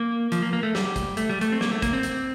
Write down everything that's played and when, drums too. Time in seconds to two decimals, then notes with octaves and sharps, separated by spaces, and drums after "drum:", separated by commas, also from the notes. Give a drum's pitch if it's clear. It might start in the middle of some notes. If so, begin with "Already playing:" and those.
Already playing: A#3
0.32 F3, drum: hi-hat
0.42 A#3
0.53 A#3
0.63 A3
0.75 G3, drum: snare
0.96 drum: kick, hi-hat
1.17 A3, drum: hi-hat
1.29 G3
1.41 A3, drum: hi-hat
1.52 C4
1.61 A#3, drum: snare
1.71 A3
1.82 A#3, drum: kick, hi-hat
1.93 C4
2.03 drum: hi-hat